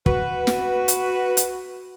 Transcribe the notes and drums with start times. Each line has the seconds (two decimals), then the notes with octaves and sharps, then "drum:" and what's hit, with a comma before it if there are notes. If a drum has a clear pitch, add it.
0.06 F#4 B4, drum: kick
0.47 drum: snare
0.88 drum: hi-hat
1.37 drum: hi-hat